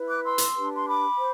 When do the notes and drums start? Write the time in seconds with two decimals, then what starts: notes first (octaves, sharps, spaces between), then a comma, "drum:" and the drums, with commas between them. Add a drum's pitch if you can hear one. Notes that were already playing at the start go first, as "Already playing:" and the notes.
Already playing: E4 B4
0.09 D6 F#6
0.24 C6 E6
0.38 drum: hi-hat
0.56 D4 G4 B4
0.75 C6
0.87 B5 D6
1.18 C5